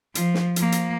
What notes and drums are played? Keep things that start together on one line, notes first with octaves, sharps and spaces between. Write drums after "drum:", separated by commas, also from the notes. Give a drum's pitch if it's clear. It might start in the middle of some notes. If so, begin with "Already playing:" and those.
F3, drum: hi-hat
drum: snare
F3 A#3, drum: hi-hat
drum: hi-hat